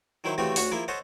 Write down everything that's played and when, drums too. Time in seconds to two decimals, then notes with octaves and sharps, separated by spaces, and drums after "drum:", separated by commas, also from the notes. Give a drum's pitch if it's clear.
0.24 D#3 F#3 E4 C5
0.38 C#3 E3 A3 C4 F#4 G4
0.56 D2 C#4 F#4 G#4 F#5 C#6, drum: open hi-hat
0.71 F3 A#3 E4 G#4
0.88 A4 C5 C#5 D#5 F#5